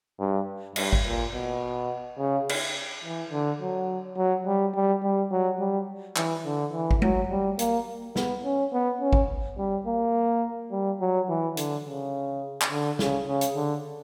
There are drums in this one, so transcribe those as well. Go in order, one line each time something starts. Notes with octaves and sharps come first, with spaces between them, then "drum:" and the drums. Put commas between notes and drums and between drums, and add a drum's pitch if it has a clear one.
G2
G2, drum: cymbal
drum: kick G#1
A#2
B2
C#3
drum: cymbal
E3
D3
F#3
F#3
G3
G3
G3
F#3
G3
E3, drum: clap
D3
E3
drum: kick G#1
F#3, drum: tom G#3
G3
A#3, drum: hi-hat
B3, drum: snare
C#4
B3
C#4
drum: kick G#1
G3
A#3
G3
F#3
E3
D3, drum: hi-hat
C#3
drum: clap
D3
C#3, drum: snare
C#3
drum: hi-hat
D3